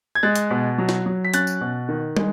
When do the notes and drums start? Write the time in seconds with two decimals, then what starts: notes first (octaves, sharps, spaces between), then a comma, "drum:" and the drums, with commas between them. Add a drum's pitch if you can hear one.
0.15 G#6
0.23 G#3 F#6 A6
0.36 drum: hi-hat
0.51 B2
0.78 F#3
0.89 drum: snare
1.06 F#3
1.25 B6
1.34 C#4 F#6 A6, drum: hi-hat
1.47 drum: tambourine
1.61 B2
1.89 D#3
2.17 G#3, drum: tom